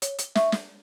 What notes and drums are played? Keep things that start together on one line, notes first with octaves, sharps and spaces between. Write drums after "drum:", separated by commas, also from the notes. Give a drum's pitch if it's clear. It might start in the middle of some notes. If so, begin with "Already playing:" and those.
C#5, drum: hi-hat
drum: hi-hat
E5 C#6, drum: snare
drum: snare